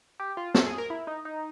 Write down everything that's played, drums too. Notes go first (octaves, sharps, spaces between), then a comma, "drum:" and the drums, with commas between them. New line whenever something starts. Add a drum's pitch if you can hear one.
G4
F4
A4, drum: snare
G#4
A#4
E4
D#4
D#4